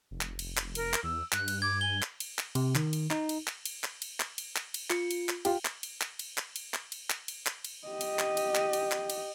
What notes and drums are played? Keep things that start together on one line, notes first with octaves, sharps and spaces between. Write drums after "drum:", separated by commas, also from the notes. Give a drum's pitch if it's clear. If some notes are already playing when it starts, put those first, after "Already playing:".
F1
drum: clap
drum: cymbal
drum: clap
A#4, drum: cymbal
drum: clap
E2 E6
G2 F#6, drum: clap
drum: cymbal
D6 G#6
G#5 G7
drum: clap
drum: cymbal
drum: clap
C3, drum: cymbal
D#3, drum: clap
drum: cymbal
D#4, drum: clap
drum: cymbal
drum: clap
drum: cymbal
drum: clap
drum: cymbal
drum: clap
drum: cymbal
drum: clap
drum: cymbal
F4 C#7, drum: clap
drum: cymbal
drum: clap
F4 G4 G5, drum: cymbal
drum: clap
drum: cymbal
drum: clap
drum: cymbal
drum: clap
drum: cymbal
drum: clap
drum: cymbal
drum: clap
drum: cymbal
drum: clap
drum: cymbal
G4 D#5
drum: cymbal
drum: clap
drum: cymbal
drum: clap
drum: cymbal
drum: clap
drum: cymbal